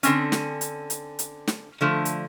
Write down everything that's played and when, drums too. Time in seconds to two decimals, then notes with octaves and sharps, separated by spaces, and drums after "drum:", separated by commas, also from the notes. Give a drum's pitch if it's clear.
0.03 D3 C4 C#4, drum: hi-hat
0.32 drum: snare
0.61 drum: hi-hat
0.90 drum: hi-hat
1.19 drum: hi-hat
1.48 drum: snare
1.81 D3 F3 A3
2.05 drum: hi-hat